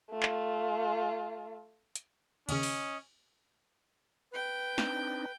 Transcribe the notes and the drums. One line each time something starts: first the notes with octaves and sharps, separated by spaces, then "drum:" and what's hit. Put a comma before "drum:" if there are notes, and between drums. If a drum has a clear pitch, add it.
A3 F4
drum: clap
drum: hi-hat
D#2 C#3 C#4 D#5, drum: cymbal
drum: open hi-hat
B4 G5
C4 D4 D#4, drum: snare